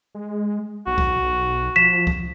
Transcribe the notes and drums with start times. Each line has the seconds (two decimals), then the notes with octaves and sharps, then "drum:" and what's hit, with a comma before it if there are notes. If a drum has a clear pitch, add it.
0.15 G#3
0.87 B1 F#4
0.98 drum: kick C2
1.76 F3 B6 E7
2.07 drum: kick C2